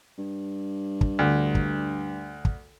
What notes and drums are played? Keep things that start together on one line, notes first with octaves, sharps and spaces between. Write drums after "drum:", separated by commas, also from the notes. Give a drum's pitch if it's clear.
G2
drum: kick
D2
drum: kick
drum: kick